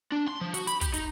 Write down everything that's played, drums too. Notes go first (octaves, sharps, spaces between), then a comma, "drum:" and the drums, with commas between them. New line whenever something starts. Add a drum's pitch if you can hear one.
D4
C6
F3
F#4, drum: hi-hat
B5, drum: hi-hat
G4, drum: kick, hi-hat
D#4, drum: hi-hat